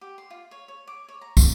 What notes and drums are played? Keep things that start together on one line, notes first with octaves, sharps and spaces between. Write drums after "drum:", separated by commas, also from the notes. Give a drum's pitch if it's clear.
G4
C6
F4
C#5
C#5
D6
C#5
A#5
F4, drum: kick, tambourine